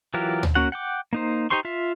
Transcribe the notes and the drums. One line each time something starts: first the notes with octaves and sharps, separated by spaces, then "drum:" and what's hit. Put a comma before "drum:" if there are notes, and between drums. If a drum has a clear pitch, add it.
E3 F#3 F4 G4 A#4
drum: tom
A#3 C#4 F#4 F#5
F#5 G5 D6
A#3 D#4 C5
D#4 G4 C5 C6 C#6
F4 E5 F5